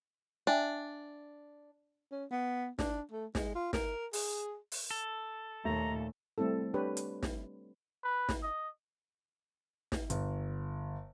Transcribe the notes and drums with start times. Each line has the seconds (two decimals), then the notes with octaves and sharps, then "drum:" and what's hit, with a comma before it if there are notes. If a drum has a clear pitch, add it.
0.47 D4 E5 G5 G#5
2.12 C#4
2.31 B3
2.79 D4, drum: snare
3.12 A3
3.35 G#3, drum: snare
3.56 F4
3.73 A#4, drum: snare
4.13 G#4, drum: open hi-hat
4.72 drum: open hi-hat
4.91 A4
5.65 D#2 A#2 A3 A#5
6.38 G3 A3 C4 E4 A4
6.74 D4 G4 B4 C#5
6.97 drum: hi-hat
7.23 drum: snare
8.04 B4
8.29 drum: snare
8.43 D#5
9.92 drum: snare
10.10 G1, drum: hi-hat